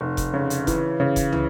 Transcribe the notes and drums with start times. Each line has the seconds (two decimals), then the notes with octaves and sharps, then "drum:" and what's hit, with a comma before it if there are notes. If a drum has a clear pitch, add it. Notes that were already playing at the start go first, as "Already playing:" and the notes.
0.01 F1
0.17 drum: kick F1, hi-hat
0.34 C#3
0.50 drum: hi-hat
0.67 E3, drum: kick F1, hi-hat
1.00 C#3
1.16 drum: kick F1, hi-hat
1.33 E3, drum: tom